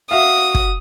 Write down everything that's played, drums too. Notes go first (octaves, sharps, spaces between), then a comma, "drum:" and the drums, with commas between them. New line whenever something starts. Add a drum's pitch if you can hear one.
F#4 E5 F5 D#6
drum: kick